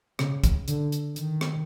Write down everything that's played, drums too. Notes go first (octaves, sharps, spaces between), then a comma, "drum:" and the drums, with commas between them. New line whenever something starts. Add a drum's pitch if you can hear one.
C#3, drum: rim click
drum: kick, hi-hat
D3, drum: hi-hat
drum: hi-hat
D#3, drum: hi-hat
drum: rim click